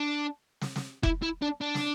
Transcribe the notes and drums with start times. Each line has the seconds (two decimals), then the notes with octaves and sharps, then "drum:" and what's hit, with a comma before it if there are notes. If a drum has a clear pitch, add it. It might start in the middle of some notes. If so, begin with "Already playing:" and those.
Already playing: D4
0.61 drum: snare
0.76 drum: snare
1.03 E4, drum: kick F1
1.23 E4
1.42 D4
1.61 D4
1.75 drum: snare